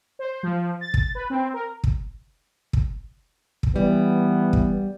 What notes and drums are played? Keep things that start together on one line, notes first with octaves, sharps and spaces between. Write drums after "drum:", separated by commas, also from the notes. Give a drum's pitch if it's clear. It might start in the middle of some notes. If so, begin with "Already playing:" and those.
C5
F3
A6
drum: kick
B4
C4
A#4
drum: kick
drum: kick
drum: kick
E3 G3 B3
drum: kick